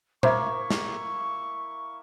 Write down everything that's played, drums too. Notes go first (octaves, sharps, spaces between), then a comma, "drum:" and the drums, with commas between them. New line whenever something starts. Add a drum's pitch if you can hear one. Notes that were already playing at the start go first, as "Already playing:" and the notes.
A#3 E4 C5 E5 C#6, drum: tom A#2
drum: snare